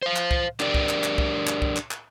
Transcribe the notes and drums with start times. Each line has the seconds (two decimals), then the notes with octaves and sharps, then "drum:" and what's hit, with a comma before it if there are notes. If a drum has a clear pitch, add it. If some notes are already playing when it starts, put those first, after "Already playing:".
0.02 C5 F5
0.16 drum: clap
0.31 drum: kick
0.60 D4 G4 A#4 D5, drum: clap
0.74 drum: kick
0.89 drum: clap
1.04 drum: clap
1.18 drum: kick
1.47 drum: clap
1.62 drum: kick
1.76 drum: clap
1.91 drum: clap